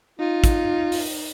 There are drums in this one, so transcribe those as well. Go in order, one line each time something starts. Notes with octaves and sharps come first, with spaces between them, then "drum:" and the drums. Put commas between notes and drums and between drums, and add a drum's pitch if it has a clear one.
D#4 F4
drum: kick, hi-hat
drum: open hi-hat